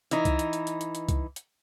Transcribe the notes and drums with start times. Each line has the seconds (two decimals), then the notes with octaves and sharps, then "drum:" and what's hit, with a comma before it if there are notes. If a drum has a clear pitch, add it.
0.11 E3 D#4, drum: hi-hat
0.25 drum: kick C2, hi-hat
0.39 drum: hi-hat
0.53 drum: hi-hat
0.67 drum: hi-hat
0.81 drum: hi-hat
0.95 drum: hi-hat
1.09 drum: kick C2, hi-hat
1.36 drum: hi-hat